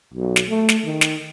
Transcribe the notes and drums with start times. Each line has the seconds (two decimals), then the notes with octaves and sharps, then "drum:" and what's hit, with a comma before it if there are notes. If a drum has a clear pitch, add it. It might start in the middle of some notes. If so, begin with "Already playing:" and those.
0.14 B1
0.36 drum: snare
0.49 A3
0.69 drum: snare
0.85 D#3
1.01 drum: snare